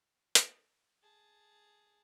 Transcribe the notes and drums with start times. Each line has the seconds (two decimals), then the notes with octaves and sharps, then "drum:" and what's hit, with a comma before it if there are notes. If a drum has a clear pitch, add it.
0.35 drum: hi-hat
1.02 G#4 A5